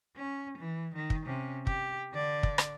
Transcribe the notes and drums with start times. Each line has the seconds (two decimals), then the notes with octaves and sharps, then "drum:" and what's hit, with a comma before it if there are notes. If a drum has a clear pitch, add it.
0.16 C#4
0.58 E3
0.95 D#3
1.10 drum: kick
1.26 C3 C#4
1.67 G4, drum: kick
2.13 D3 D5
2.43 drum: kick
2.58 drum: rim click